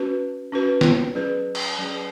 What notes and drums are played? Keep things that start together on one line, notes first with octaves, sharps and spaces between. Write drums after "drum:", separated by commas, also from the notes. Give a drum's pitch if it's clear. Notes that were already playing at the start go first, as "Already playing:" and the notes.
Already playing: C#4 F#4 B4
C#4 F#4 B4
drum: snare
F#3 C#4 G#4 B4
drum: cymbal
F#3 C#4 G#4 B4